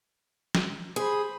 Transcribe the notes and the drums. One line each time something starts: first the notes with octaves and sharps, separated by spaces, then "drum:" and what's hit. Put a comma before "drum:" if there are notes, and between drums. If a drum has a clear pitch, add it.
drum: snare
G#4 C5 B5